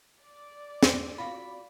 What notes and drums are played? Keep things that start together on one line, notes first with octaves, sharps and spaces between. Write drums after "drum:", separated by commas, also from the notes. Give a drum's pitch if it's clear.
D5
drum: snare
F4 F#4 B5